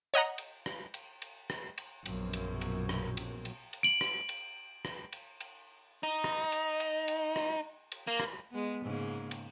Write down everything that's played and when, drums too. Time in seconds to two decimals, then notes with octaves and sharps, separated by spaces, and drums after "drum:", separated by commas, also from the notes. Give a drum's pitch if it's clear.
0.14 C#5 D#5 F#5 A#5
0.38 drum: cymbal
0.66 drum: rim click
0.94 drum: cymbal
1.22 drum: cymbal
1.50 drum: rim click
1.78 drum: cymbal
2.06 A#1 F#2 B2, drum: cymbal
2.33 drum: cymbal
2.61 drum: cymbal
2.89 drum: rim click
3.17 drum: cymbal
3.45 drum: cymbal
3.73 drum: cymbal
3.83 D7 F#7
4.01 drum: rim click
4.29 drum: cymbal
4.85 drum: rim click
5.13 drum: cymbal
5.40 drum: cymbal
6.03 D#4
6.24 drum: rim click
6.52 drum: cymbal
6.80 drum: cymbal
7.08 drum: cymbal
7.36 drum: rim click
7.92 drum: cymbal
8.07 A#3
8.20 drum: rim click
8.51 G#3 B3
8.84 G#2 C#3 A#3
9.31 drum: cymbal